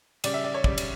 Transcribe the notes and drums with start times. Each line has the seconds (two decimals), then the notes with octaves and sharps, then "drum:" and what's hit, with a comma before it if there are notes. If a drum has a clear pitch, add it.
0.24 C#3 G3 D5, drum: cymbal
0.34 E5
0.44 D5
0.54 C#5
0.64 C#3 G3 D5, drum: kick
0.78 drum: cymbal